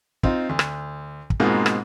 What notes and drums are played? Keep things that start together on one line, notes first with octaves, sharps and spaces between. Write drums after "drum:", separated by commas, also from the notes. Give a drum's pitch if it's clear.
C4 D#4 F4, drum: kick
D2
drum: rim click
drum: kick
G#2 B2 G#3 A#3 C4 F4
drum: rim click